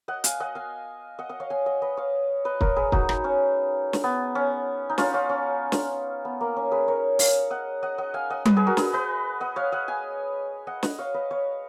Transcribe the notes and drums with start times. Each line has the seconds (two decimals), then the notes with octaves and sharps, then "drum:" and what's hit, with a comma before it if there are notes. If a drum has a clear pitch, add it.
0.08 D#5 F#5
0.24 F5 G#5, drum: hi-hat
0.40 D#5 F#5
0.55 F5 G#5
1.19 D#5 F#5
1.29 D#5 F#5
1.40 C#5 F5
1.50 F5 G#5
1.66 D#5 F#5
1.82 B4 D#5
1.97 C#5 F5
2.45 B4 D#5
2.61 A#4 C#5, drum: kick
2.76 G#4 B4
2.92 D#4 F#4, drum: kick
3.09 D#4, drum: rim click
3.24 C#4
3.93 drum: snare
4.04 B3
4.35 C#4
4.90 D#4
4.98 C#4 F4, drum: snare
5.14 C#4 F4
5.29 C#4
5.72 drum: snare
6.25 B3
6.41 A#3
6.56 C#4
6.71 G#4 B4
6.88 A#4 C#5
7.19 C#5 F5, drum: open hi-hat
7.50 D#5 F#5
7.83 D#5 F#5
7.98 D#5 F#5
8.14 F5 G#5
8.30 D#5 F#5
8.45 B4 D#5, drum: tom G3
8.57 G#4 B4
8.67 F#4 A#4
8.77 G#4 B4, drum: snare
8.93 B4 D#5
9.41 D#5 F#5
9.56 C#5 F5
9.72 D#5 F#5
9.88 F5 G#5
10.67 D#5 F#5
10.83 D#5 F#5, drum: snare
10.99 C#5 F5
11.14 B4 D#5
11.31 C#5 F5